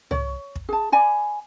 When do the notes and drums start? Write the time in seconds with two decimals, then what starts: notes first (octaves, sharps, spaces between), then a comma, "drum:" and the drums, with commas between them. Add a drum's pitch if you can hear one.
0.11 C#5, drum: tom
0.55 drum: kick
0.69 G#4 A5
0.92 D5 G#5 B5